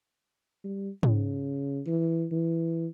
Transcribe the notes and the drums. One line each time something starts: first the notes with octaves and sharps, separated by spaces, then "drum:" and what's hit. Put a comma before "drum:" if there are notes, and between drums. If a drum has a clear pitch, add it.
G3
C#3, drum: tom G#2
E3
E3